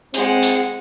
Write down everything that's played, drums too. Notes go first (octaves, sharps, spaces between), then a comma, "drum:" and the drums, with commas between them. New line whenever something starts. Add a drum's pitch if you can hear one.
G#3 C4 F#5, drum: hi-hat
drum: hi-hat